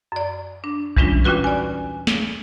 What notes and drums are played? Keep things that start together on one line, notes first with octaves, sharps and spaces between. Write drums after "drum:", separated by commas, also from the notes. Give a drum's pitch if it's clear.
F#2 D5
D4
E3 G3 G#3 C#4 D4 F4, drum: kick A#1
D#2 A#2 C#4 F4 F#4 B4
D5 G#5
drum: snare